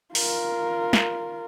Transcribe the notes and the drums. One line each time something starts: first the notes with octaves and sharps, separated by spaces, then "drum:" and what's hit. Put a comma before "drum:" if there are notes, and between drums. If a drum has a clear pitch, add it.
F4 A#4, drum: open hi-hat
drum: snare